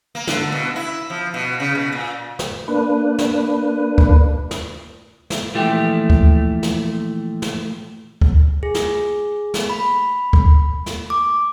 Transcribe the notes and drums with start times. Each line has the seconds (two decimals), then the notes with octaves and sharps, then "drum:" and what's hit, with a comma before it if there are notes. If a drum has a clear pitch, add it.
0.15 A#3
0.27 D3, drum: snare
0.52 B2
0.76 E4
1.10 F3
1.34 B2
1.60 C#3
1.75 B2
1.92 A#2
2.39 drum: snare
2.68 A#3 D4 B4
3.19 drum: snare
3.98 drum: kick D2
4.51 drum: snare
5.30 drum: snare
5.54 A#2 E3 F3 A3 G4
6.10 drum: kick D2
6.63 drum: snare
7.42 drum: snare
8.21 drum: kick D2
8.63 G#4
8.74 drum: snare
9.54 drum: snare
9.70 B5
10.33 drum: kick D2
10.86 drum: snare
11.10 D6